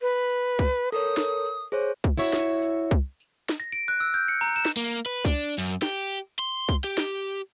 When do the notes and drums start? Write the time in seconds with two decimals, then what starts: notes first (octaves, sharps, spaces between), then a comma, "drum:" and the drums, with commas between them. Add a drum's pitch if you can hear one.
0.01 B4
0.30 drum: tambourine
0.59 drum: kick C2, tambourine
0.92 A4 A#4 C#5 D#6
1.17 drum: snare
1.46 drum: tambourine
1.72 G#4 C5 C#5
2.04 drum: kick C2, tambourine
2.18 E4 F#4 C#5 E5
2.33 drum: snare
2.62 drum: tambourine
2.91 drum: kick C2, tambourine
3.20 drum: tambourine
3.49 drum: snare
3.60 A#6
3.72 D7
3.88 F#6
4.00 E6
4.14 G6
4.28 C#7
4.41 A#5
4.56 E7
4.65 drum: snare
4.77 A#3
4.94 drum: tambourine
5.06 B4
5.25 D4, drum: kick C2, tambourine
5.58 F#2
5.82 G4, drum: snare
6.11 drum: tambourine
6.39 C6, drum: tambourine
6.69 drum: kick C2, tambourine
6.84 G4
6.98 drum: snare
7.27 drum: tambourine